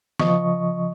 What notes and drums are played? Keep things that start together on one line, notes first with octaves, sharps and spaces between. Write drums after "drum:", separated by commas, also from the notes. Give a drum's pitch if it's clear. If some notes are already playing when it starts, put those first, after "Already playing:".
C#3 F3 D#5 C#6, drum: snare